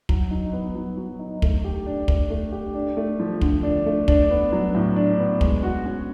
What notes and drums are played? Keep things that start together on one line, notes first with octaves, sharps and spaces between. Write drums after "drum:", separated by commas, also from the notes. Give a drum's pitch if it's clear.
F#3, drum: kick
D#4
B3
F#3
F#3
D#4
A3, drum: kick
G4
D4
A3, drum: kick
A3
G4
D4
A3
F3
D3, drum: kick
D4
A3
D4, drum: kick
B3
F#3
A2
D4
B3
G#3, drum: kick
F#4
C#4